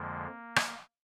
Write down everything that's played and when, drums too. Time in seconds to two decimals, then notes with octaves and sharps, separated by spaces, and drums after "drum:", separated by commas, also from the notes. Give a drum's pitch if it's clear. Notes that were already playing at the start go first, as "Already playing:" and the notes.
Already playing: F2 D3 F3 G#3 A#3
0.56 drum: rim click